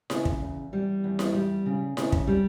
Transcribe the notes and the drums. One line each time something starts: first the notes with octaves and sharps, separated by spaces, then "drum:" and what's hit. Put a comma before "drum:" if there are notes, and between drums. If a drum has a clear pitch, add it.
C#3, drum: snare E4
drum: kick
E2
G3
E2
drum: snare E4
G3
C#3
C#3, drum: snare E4
drum: kick
G3